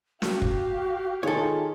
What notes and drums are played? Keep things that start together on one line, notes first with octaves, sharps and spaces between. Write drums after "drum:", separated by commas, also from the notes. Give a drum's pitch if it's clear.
F#4 G4 F5, drum: snare
drum: kick
D#3 F4 G#4 A4 C#5